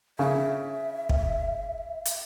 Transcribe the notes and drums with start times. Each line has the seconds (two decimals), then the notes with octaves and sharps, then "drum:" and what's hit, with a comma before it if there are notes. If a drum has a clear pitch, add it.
0.19 C#3 E5
1.09 drum: kick
2.05 drum: hi-hat